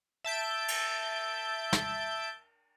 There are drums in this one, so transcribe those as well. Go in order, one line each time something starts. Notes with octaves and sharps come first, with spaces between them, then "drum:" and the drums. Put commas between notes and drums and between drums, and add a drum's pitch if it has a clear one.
E5 A5 G6 D7
drum: cymbal
drum: snare